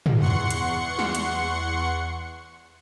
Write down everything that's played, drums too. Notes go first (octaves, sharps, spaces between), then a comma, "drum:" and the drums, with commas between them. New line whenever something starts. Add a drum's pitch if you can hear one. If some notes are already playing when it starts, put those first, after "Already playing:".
drum: tom
E2 F#5 C6 C#6 C#7
drum: hi-hat
drum: snare
drum: hi-hat